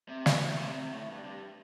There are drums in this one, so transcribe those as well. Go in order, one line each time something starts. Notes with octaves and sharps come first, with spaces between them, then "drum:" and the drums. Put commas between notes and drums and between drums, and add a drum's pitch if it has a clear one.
C3
G2, drum: snare
A2
C3
C3
A2
G2
G2